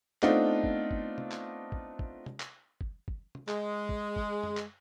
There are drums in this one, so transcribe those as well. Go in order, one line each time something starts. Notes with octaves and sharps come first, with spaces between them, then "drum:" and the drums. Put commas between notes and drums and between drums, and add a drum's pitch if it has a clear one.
A3 B3 C4 D4 D#4 F4, drum: clap
drum: kick
drum: kick
drum: tom
drum: clap
drum: kick
drum: kick
drum: tom
drum: clap
drum: kick
drum: kick
drum: tom
G#3, drum: clap
drum: kick
drum: kick
drum: tom F#2
drum: clap